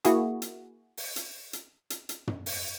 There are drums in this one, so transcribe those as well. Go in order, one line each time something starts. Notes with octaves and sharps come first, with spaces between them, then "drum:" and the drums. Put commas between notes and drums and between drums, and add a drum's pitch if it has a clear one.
A#3 E4 F#4 G#4, drum: hi-hat
drum: hi-hat
drum: open hi-hat
drum: hi-hat
drum: hi-hat
drum: hi-hat
drum: hi-hat
drum: tom
drum: open hi-hat